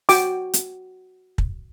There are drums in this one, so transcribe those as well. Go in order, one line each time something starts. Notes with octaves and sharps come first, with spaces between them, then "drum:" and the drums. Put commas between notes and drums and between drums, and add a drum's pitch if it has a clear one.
F#4 G5 D6, drum: open hi-hat
drum: hi-hat
drum: kick